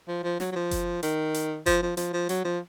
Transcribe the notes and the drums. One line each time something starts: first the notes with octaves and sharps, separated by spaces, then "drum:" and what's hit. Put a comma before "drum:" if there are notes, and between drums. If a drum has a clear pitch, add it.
F3
F3
F#3, drum: snare
F#3
F3
drum: kick F#1, hi-hat
D#3, drum: hi-hat
drum: hi-hat
F3, drum: kick F#1, hi-hat
F3
F3, drum: hi-hat
F3
F#3, drum: hi-hat
F3